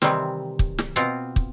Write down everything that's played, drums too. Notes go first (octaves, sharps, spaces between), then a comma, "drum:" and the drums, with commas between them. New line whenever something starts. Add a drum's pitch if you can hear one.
C3 D#3 E3 G3 C4, drum: snare
drum: kick
drum: snare
B2 C4 F4 F5 F#5
drum: kick